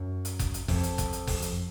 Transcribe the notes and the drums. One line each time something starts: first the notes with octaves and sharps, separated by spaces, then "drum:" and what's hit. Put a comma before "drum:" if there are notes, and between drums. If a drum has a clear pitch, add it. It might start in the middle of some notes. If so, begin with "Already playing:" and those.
Already playing: F#2
drum: hi-hat
drum: kick F#1, hi-hat
drum: hi-hat
F2, drum: kick F#1, open hi-hat
drum: hi-hat
drum: kick F#1, hi-hat
drum: hi-hat
drum: kick F#1, open hi-hat
drum: hi-hat